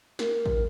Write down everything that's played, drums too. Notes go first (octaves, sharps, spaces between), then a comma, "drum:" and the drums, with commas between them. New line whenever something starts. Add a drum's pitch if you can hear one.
A#4, drum: snare
drum: kick A1